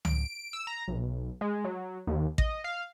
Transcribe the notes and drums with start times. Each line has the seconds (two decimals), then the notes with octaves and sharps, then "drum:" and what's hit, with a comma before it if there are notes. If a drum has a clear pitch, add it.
0.05 D7, drum: tom C#2
0.53 E6
0.67 A#5
0.88 B1
1.41 G#3
1.64 F#3
2.07 D#2
2.38 D#5, drum: kick A1
2.64 F5